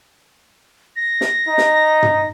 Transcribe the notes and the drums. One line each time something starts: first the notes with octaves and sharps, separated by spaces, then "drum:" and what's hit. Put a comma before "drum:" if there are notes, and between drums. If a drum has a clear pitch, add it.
A#6
drum: snare
D#4
drum: snare
drum: tom